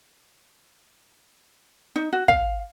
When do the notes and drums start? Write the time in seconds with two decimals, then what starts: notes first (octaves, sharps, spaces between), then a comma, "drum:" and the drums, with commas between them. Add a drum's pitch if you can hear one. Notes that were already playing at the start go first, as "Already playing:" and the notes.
1.96 D#4
2.13 F#4
2.28 F5, drum: kick